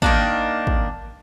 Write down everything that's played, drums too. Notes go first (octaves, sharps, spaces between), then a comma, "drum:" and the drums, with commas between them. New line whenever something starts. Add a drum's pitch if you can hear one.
D#3 A#3 D4, drum: kick
drum: kick